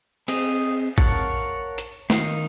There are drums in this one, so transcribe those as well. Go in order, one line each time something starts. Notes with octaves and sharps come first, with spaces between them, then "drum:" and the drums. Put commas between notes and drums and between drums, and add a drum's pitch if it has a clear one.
C4 G#4 D#5, drum: cymbal
A#4 C#5 F5 F#5 A5, drum: kick
drum: hi-hat
D#3 D#4 F5, drum: snare